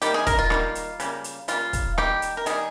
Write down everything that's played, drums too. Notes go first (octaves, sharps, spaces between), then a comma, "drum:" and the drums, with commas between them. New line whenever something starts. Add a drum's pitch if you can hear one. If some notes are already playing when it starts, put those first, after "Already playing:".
D#3 G3 A#3 G4, drum: hi-hat
G#4
A#4, drum: kick, hi-hat
F4
D#3 G3 A#3, drum: rim click
drum: hi-hat
C#3 G3 A#3, drum: hi-hat
drum: hi-hat
C#3 G3 A#3 F4, drum: hi-hat
drum: kick, hi-hat
D#3 G3 A#3 G4, drum: rim click
drum: hi-hat
A#4
D#3 G3 A#3 G#4, drum: hi-hat